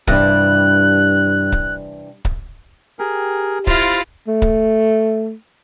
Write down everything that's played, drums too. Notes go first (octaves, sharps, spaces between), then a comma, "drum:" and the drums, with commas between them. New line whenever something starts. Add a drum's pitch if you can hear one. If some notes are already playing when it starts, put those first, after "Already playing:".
G2 C3 E3 D4 F#6, drum: kick C#1
drum: kick C#1
drum: kick C#1
G4 G#4 A#4
E4 F4 C5 F6 A6 A#6, drum: kick C#1
A3
drum: kick C#1